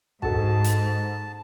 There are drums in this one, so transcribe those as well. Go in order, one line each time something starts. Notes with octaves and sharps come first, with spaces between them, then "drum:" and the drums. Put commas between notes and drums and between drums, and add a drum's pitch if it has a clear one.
G#2 F#4 A4 A5, drum: kick
drum: hi-hat